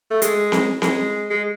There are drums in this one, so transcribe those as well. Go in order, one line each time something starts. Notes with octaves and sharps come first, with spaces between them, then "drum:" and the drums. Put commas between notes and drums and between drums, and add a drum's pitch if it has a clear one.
A3
G#3, drum: hi-hat
drum: snare C4
G#3, drum: snare C4
G#3